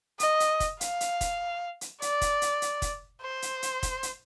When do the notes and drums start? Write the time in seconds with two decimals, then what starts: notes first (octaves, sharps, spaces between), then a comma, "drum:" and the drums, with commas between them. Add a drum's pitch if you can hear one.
0.20 D#5, drum: hi-hat
0.40 drum: hi-hat
0.60 drum: kick, hi-hat
0.81 F5, drum: hi-hat
1.01 drum: hi-hat
1.21 drum: kick, hi-hat
1.81 drum: hi-hat
2.02 D5, drum: hi-hat
2.21 drum: kick, hi-hat
2.42 drum: hi-hat
2.62 drum: hi-hat
2.82 drum: kick, hi-hat
3.22 C5
3.42 drum: hi-hat
3.62 drum: hi-hat
3.83 drum: kick, hi-hat
4.03 drum: hi-hat